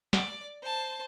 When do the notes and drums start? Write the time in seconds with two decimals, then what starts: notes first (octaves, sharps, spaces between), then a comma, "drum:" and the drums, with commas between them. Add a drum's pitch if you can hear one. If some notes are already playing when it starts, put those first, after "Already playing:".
0.13 D5, drum: snare
0.62 C5 A5